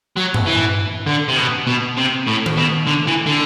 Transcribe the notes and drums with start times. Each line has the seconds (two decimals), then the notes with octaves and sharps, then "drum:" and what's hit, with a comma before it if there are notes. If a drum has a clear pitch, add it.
0.17 F#3
0.34 drum: tom G2
0.46 E3
1.07 D3
1.28 C3
1.37 B2
1.67 B2
1.97 C3
2.27 A2
2.46 drum: tom D#3
2.57 B2
2.87 D3
3.07 E3
3.26 D3